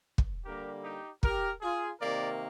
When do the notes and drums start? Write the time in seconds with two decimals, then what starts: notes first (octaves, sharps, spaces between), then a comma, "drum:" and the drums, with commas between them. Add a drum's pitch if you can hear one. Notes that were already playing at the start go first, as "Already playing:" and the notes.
0.18 drum: kick
0.45 D3 G3 A#3 G4 A#4
0.84 D#4 G4
1.23 G4 A#4, drum: kick
1.61 F4 G#4
2.01 C3 D#3 A#3 A#4 D5